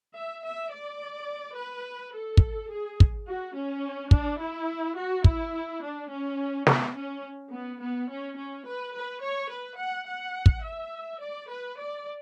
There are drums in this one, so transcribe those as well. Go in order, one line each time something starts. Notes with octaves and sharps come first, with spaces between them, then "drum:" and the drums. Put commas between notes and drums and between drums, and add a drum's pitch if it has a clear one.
E5
E5
D5
B4
A4
drum: kick
G#4
drum: kick
F#4
C#4
D4, drum: kick
E4
F#4
E4, drum: kick
D4
C#4
B3, drum: snare
C#4
B3
B3
C#4
C#4
B4
B4
C#5
B4
F#5
F#5
drum: kick
E5
D5
B4
D5